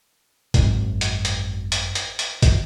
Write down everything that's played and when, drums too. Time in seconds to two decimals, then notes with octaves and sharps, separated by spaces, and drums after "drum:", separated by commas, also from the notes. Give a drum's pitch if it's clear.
0.54 G#1 F#2, drum: kick, hi-hat
1.01 drum: hi-hat
1.25 drum: hi-hat
1.72 drum: hi-hat
1.95 drum: hi-hat
2.19 drum: hi-hat
2.42 drum: kick, hi-hat